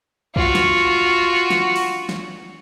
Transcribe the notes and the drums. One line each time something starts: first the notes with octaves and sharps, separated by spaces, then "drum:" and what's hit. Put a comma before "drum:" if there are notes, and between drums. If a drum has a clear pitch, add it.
F4 F#4, drum: kick
drum: snare
drum: snare
drum: open hi-hat
drum: snare